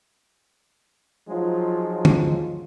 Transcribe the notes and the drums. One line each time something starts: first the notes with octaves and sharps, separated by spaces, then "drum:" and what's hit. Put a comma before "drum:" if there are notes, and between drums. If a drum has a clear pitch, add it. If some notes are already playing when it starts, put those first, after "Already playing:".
F3 F#3 G#3 D#4 F4
drum: tom